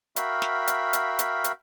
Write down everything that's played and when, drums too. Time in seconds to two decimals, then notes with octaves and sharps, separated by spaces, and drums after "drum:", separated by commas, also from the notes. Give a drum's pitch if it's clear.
0.16 F#4 A#4 E5 F5 G5 B5, drum: hi-hat
0.42 drum: snare
0.67 drum: hi-hat
0.93 drum: hi-hat
1.19 drum: hi-hat
1.44 drum: hi-hat